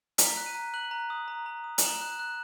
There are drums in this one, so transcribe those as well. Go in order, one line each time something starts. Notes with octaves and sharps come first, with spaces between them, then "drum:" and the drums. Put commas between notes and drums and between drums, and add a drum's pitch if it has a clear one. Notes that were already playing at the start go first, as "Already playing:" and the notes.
A#5 B6, drum: hi-hat
F#6
D#7
A#5
F#6 F#7
A#5
D#6
A#5
A#5
D#6
F#7, drum: hi-hat
A#5 E7
F#6
F#6